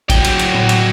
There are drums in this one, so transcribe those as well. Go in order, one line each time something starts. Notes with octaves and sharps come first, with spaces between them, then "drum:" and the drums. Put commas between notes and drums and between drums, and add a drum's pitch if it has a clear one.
F#3 G5, drum: kick A1, cymbal
drum: cymbal
drum: cymbal
drum: tom A2
drum: cymbal